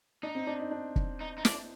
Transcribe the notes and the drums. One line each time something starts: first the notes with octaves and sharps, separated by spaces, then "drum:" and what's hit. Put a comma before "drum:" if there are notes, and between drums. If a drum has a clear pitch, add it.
D4 D#4
C4
D4
D#4
D4
drum: kick
D#4
D#4
D4, drum: snare